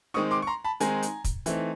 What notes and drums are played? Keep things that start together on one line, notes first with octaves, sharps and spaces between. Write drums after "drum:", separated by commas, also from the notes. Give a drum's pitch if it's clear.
D#3 G#3 C4 D#4 C#6 D#6
C6 D6
C#6
A#5 C6
A5 B5
D#3 G#3 C4 D#4 G#5 A#5, drum: hi-hat
drum: hi-hat
drum: kick, hi-hat
E3 A3 C4 D#4, drum: hi-hat